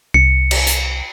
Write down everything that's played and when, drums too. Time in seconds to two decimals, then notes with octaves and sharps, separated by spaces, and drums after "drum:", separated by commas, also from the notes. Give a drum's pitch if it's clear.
0.14 C2 C#7
0.51 drum: cymbal
0.67 drum: hi-hat